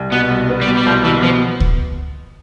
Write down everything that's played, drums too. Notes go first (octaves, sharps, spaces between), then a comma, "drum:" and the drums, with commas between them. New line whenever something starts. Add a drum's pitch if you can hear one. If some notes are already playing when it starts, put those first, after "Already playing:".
Already playing: C2
B2 B3
C2
B3
G3
B2
G3
C2 F3
B2 E3
F3 B3
drum: kick C#2